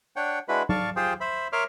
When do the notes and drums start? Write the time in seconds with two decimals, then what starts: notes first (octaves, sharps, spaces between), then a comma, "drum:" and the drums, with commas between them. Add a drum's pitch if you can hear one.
0.16 D4 C#5 F#5 G5
0.48 G#3 D4 E4 F#4 B4 B5
0.69 D5 F5 A5 C#6, drum: tom F#3
0.96 F4 G4 G#4 C5 G5 C6
1.21 C5 E5 B5
1.53 A#4 C#5 E5 C6 D6 F6